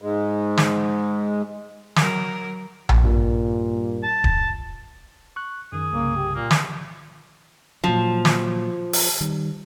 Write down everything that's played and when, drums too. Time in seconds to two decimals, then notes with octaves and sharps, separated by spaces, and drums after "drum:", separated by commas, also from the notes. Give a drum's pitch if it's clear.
0.02 G#2 G#3
0.57 drum: snare
1.96 F#3 A#4, drum: snare
2.89 drum: tom A#1
3.04 G2 A#2
4.03 A5
4.24 drum: kick D1
5.36 C#6 F#6
5.72 F#2 D#3 G#4
5.93 C2 G2 C#3 A#3
6.17 G4
6.35 A#2 A#3
6.51 drum: snare
7.84 A#2 F3 F#3
8.25 drum: snare
8.93 drum: open hi-hat
9.21 D#3 G3